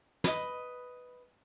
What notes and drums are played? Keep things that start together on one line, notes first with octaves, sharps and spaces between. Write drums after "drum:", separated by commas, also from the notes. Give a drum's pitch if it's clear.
B4 D#5, drum: snare